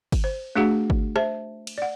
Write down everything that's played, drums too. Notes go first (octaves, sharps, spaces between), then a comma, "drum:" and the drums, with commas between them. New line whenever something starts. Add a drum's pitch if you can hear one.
drum: kick G1, cymbal
C5
A3 D4 F#4 G#4 F#5
drum: kick G1
C5 E5 A5, drum: rim click
drum: cymbal
D5 F#5